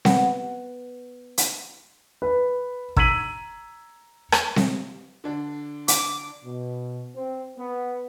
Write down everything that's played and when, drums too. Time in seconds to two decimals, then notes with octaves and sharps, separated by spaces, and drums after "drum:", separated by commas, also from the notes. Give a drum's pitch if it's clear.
0.05 B3, drum: snare C4
1.38 drum: hi-hat
2.22 B4
2.96 A#5 E6 G#6 B6 D#7 F#7, drum: kick
4.32 drum: rim click
4.56 drum: snare C4
5.24 D3 D4
5.88 D6, drum: hi-hat
6.45 B2
7.16 C4
7.58 B3